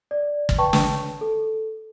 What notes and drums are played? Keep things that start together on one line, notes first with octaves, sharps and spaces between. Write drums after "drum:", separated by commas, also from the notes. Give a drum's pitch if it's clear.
D5
drum: kick
B4 G5 A5 C#6
drum: snare
A4